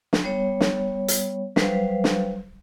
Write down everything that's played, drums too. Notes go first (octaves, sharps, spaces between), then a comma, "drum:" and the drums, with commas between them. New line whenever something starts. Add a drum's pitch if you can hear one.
drum: snare
G3 B3 C#5
drum: snare
drum: hi-hat
F#3 G3 B4 C5 F5, drum: snare
drum: snare